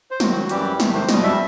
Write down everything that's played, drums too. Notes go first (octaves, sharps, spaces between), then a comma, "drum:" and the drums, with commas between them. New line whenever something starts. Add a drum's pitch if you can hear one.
C5
D#2 D#3 F#3 F#4, drum: snare
F#2 E3 G3 G4, drum: hi-hat
E2 C3 D#3 A3, drum: snare
C5
E2 B2 G3 D#5, drum: snare
E5